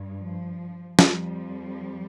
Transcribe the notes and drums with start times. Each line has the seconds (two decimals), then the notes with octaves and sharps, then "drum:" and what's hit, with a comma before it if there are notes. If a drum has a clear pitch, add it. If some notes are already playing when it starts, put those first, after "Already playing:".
Already playing: G2
0.15 F3
0.99 F2 F3 G3, drum: snare